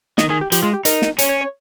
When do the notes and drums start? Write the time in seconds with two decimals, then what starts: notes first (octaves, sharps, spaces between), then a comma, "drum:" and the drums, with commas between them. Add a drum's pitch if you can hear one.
0.18 D#3 D#5, drum: snare
0.30 D#3 G#4
0.41 G4
0.52 F3 G4, drum: hi-hat
0.62 G#3 F4
0.73 G4
0.85 D#4 A#4, drum: hi-hat
1.02 drum: snare
1.19 C#4 C#5, drum: hi-hat
1.29 C#5
1.41 C#5